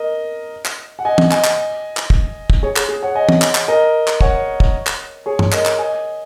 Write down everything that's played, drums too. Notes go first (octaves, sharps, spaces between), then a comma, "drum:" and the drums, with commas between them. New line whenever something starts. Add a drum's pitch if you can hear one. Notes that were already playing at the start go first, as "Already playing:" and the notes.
Already playing: A#4 D#5
drum: clap
F#5
D#5 G#5
drum: tom
D#5 G#5, drum: clap
drum: clap
drum: clap
drum: kick
drum: kick
G#4 C#5
G#4, drum: clap
G#4
C#5 F#5
D#5 G#5
drum: tom
drum: clap
drum: clap
A#4 D#5
drum: clap
C#5 F#5, drum: kick
drum: kick
drum: clap
G#4 C#5
drum: tom G2
A#4 D#5, drum: clap
drum: clap
D#5 G#5